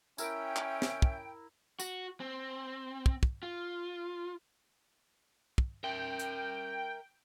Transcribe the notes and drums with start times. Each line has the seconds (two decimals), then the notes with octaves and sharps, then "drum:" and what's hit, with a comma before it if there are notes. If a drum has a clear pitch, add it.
0.18 C#4 E4 A#4 E5 G5, drum: tambourine
0.56 drum: clap
0.82 drum: snare
1.02 drum: kick
1.80 F#4, drum: tambourine
2.20 C4
3.06 drum: kick
3.23 drum: kick
3.43 F4
5.58 drum: kick
5.84 A#4 E5 G5
6.19 drum: hi-hat